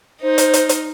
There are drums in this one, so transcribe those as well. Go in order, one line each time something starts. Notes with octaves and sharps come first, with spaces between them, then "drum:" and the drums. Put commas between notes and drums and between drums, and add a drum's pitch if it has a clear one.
D#4 C5
drum: hi-hat
drum: hi-hat
drum: hi-hat